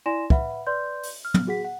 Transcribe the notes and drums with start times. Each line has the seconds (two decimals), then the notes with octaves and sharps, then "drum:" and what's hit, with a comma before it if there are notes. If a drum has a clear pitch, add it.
0.06 E4 D5 G#5 C6 A#6 E7
0.30 B4 E5 F#5 B5, drum: kick
0.67 B4 D5 C6 G6
1.03 drum: open hi-hat
1.25 F6
1.34 drum: tom
1.47 F#4 G#4 F#5 B6
1.65 F#5